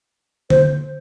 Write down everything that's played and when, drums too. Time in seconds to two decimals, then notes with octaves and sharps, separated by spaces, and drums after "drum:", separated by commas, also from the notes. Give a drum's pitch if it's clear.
0.50 C5, drum: tom D3